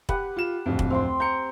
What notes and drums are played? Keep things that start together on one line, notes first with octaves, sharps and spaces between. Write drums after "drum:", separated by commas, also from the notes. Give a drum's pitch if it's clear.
G4 B4 F#5, drum: kick
F4 E7
D1 F2
drum: kick
C4 G5 C6
A#5 G6 C#7